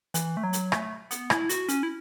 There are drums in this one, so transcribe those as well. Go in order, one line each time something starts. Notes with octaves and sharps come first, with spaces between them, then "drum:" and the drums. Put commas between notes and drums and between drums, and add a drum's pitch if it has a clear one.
E3, drum: hi-hat
A3
F#3
drum: hi-hat
A3, drum: rim click
B3, drum: hi-hat
E4, drum: rim click
F#4, drum: hi-hat
C#4, drum: hi-hat
E4